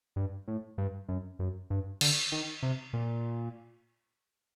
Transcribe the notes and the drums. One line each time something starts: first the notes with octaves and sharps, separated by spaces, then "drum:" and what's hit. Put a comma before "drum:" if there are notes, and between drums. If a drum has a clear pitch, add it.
G2
A2
G2
F#2
F#2
G2
D3, drum: cymbal
D#3
C3
A#2